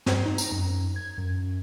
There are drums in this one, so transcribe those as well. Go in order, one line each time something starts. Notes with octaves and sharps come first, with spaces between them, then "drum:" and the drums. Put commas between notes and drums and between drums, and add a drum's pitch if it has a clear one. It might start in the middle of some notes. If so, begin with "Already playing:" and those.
G2, drum: snare
D#4
A#5, drum: tambourine
F#2
G#6
F#2